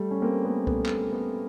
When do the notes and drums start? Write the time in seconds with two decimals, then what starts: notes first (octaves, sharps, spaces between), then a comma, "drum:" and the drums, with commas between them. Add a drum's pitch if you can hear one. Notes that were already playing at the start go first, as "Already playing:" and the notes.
Already playing: G3 A3
0.11 C#4
0.22 A#3 C4
0.44 A3 B3
0.67 A3 B3, drum: kick C2
0.86 drum: clap
1.12 A3 B3